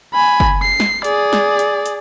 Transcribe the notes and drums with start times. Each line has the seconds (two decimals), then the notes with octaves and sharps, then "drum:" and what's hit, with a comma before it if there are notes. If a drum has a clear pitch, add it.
0.14 G#5 B5
0.40 drum: kick F#1
0.62 C7
0.80 drum: snare
1.04 G#4 D5, drum: hi-hat
1.33 drum: snare
1.59 drum: hi-hat
1.86 drum: hi-hat